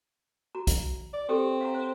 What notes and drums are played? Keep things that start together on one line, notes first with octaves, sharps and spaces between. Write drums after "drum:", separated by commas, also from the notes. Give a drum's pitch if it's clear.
F#4 A#5
drum: kick B1, hi-hat
D5
C4 G4 A4 G5
F5 F#5 A#5
C5